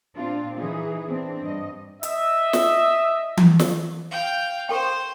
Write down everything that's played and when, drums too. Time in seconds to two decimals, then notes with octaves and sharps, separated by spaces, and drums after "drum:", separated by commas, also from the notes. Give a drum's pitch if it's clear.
0.14 A#2 C4 D4 F4
0.57 E3 D#4 G#4
1.07 C4 D4
1.40 G2 D#5
2.03 D#5 E5, drum: hi-hat
2.53 drum: snare
3.37 drum: tom E3
3.59 drum: snare
4.11 F5 G5
4.69 G4 A4 C5 G5 C6